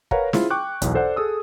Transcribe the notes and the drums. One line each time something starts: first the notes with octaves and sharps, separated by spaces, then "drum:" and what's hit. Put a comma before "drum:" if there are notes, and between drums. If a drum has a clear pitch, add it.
A#4 B4 C#5 F5 F#5 A#5, drum: kick
E4 F4 G#4 C5, drum: snare
G5 C#6 D6 F#6
B1 E2, drum: kick, hi-hat
A4 C5 D5 F#5
G#4 A4 D#6 E6